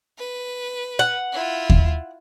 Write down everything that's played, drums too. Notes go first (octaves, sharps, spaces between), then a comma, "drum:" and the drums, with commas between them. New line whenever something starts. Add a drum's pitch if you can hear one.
B4
F#5
E4 F4
drum: kick D#2